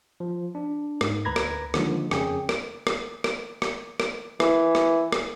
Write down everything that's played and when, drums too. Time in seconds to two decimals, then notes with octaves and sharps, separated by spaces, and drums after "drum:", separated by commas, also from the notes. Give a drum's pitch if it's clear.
0.20 F3
0.55 D4
1.01 G#2, drum: rim click
1.25 D2 B4 A#5 B5 G#6 A#6
1.36 drum: rim click
1.74 D3 D#3 F3 G#3 A#3, drum: rim click
2.11 F2 C#3 C#4 G#4 G5, drum: rim click
2.49 drum: rim click
2.87 drum: rim click
3.24 drum: rim click
3.62 drum: rim click
4.00 drum: rim click
4.40 E3, drum: rim click
4.75 drum: rim click
5.12 drum: rim click